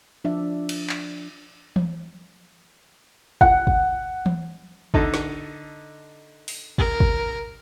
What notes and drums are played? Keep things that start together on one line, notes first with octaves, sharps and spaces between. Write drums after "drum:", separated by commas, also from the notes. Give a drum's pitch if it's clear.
F3 D4 D5 E5
drum: cymbal
drum: clap
drum: tom E3
F#5, drum: kick
drum: kick
drum: tom E3
D3 D#4 A4, drum: kick
drum: snare
drum: open hi-hat
A#4, drum: kick
drum: kick